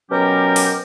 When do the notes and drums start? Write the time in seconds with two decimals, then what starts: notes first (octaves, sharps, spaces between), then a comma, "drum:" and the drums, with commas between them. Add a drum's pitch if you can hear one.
0.11 B2 F#3 C#4 G4 A#4
0.56 drum: open hi-hat